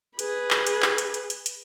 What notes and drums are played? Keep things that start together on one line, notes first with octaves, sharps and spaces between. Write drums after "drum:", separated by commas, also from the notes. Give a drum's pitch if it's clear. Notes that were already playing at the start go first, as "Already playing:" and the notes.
G#4 B4, drum: hi-hat
drum: clap
drum: hi-hat
drum: clap
drum: hi-hat
drum: hi-hat
drum: hi-hat
drum: hi-hat